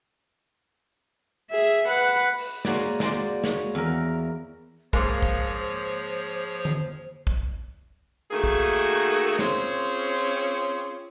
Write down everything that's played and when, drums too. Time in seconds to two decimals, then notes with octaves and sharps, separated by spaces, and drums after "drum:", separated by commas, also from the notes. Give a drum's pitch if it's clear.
1.51 G#4 E5
1.88 B4 F#5
2.38 drum: open hi-hat
2.65 G#3 A#3 F#4 C#5 D5, drum: snare
3.00 G#3 C5 D5, drum: snare
3.44 C#5, drum: snare
3.75 E2 A#4
4.93 G#2 F3 A#3 G#4 C5 C#5, drum: kick
5.22 drum: kick
6.65 drum: tom D3
7.27 drum: kick
8.31 D#3 A3 A#3 F#4 G#4
8.44 drum: kick
9.39 C4 C#4 F4 G#4 C5 C#5, drum: snare